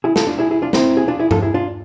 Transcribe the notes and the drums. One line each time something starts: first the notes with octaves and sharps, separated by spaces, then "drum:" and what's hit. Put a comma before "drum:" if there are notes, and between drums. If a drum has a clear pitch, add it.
E4 G#4
F4 A4, drum: snare
D4 F4
E4 G#4
E4 G#4
D4 F4
C4 E4, drum: snare
G#4
D4 F4
E4 G#4
F4 A4, drum: tom G2
E4 G#4
D4 F4